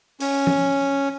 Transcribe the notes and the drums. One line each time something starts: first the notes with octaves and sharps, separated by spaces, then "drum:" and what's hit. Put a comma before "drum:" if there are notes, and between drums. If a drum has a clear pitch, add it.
C#4, drum: open hi-hat
drum: tom F3